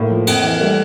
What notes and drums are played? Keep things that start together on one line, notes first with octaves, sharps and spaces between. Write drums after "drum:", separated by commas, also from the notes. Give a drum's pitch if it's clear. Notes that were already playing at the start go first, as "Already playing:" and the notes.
Already playing: A2 A#3
F3
F2, drum: cymbal
E3
A#3
G3 A3